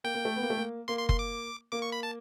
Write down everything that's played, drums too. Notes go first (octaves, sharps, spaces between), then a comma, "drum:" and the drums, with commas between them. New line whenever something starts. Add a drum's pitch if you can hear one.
A#3 G5
A#3
A3
B3
A#3
A3
A#3
A#3 C6
C6
C6, drum: kick F#1
D6
A#3 D6
C#6
B5
A5